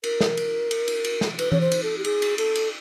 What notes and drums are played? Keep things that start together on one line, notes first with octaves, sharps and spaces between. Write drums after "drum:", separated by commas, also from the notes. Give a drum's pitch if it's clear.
A#4, drum: cymbal
drum: snare
drum: cymbal
drum: cymbal
drum: cymbal
drum: cymbal
drum: snare
B4, drum: cymbal
C#5, drum: tom E3
C5
drum: cymbal
A4
G4
G#4, drum: cymbal
drum: cymbal
A4, drum: cymbal
drum: cymbal